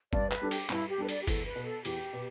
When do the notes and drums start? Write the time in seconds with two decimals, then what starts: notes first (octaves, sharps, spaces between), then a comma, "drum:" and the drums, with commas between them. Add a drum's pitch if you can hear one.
0.13 G2 D5, drum: kick
0.31 B4, drum: clap
0.42 G3 D4 A4
0.51 G4, drum: cymbal
0.70 G2 E4, drum: clap
0.89 G4
0.98 G3 D4 A4 B4
1.09 D5, drum: cymbal
1.22 G4
1.27 E2 A4, drum: kick, cymbal
1.46 B4
1.56 B2 B3
1.66 A4
1.85 E2 G4, drum: cymbal
2.13 B2 B3